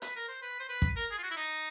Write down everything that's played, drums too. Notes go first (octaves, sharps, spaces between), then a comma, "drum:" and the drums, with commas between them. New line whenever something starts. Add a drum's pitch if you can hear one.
B4, drum: hi-hat
A#4
C5
B4
C5
B4
drum: kick
A#4
G#4
F4
F#4
E4
D#4